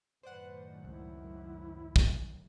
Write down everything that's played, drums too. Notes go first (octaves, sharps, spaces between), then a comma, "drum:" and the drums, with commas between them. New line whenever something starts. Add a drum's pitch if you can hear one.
F#2 A2 D#3 B4 C5 D5 F#5
C#2 E4
drum: kick